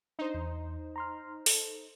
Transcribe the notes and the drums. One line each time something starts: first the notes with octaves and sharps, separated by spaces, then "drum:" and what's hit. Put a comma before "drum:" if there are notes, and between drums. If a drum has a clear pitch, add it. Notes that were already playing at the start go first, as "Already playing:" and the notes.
D4 D#4 C5
E2
A#5 C6 F6
A4, drum: open hi-hat